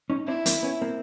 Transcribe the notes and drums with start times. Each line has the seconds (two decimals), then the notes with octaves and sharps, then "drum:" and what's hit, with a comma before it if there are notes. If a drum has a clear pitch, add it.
0.10 C#4 D#4
0.27 C4 D4 E4
0.46 A#3 C4, drum: hi-hat
0.63 B3 C#4
0.82 A#3 C4